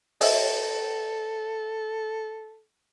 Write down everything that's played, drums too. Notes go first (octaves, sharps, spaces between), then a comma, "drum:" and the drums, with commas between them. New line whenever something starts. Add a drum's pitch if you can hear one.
A4 D#5 E5, drum: open hi-hat